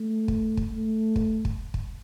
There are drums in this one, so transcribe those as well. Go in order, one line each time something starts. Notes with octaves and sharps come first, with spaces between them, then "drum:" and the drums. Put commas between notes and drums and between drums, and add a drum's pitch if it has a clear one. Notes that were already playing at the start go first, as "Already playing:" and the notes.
Already playing: A3
drum: kick
drum: kick
A3
drum: kick
drum: kick
drum: kick